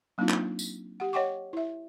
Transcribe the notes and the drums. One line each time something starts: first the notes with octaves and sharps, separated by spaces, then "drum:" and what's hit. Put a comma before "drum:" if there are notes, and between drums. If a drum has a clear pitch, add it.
F#3 A#3 C4 D4 D#4 F4
drum: clap
drum: tambourine
G4 F#5
C#5 D#5 F#5 G5 C#6 D6
E4 E5